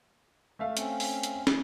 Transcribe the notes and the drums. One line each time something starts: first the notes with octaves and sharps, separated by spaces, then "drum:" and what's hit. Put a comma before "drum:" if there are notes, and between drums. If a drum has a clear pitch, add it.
A3 E5 F5
C4 C#4, drum: hi-hat
drum: open hi-hat
drum: hi-hat
drum: snare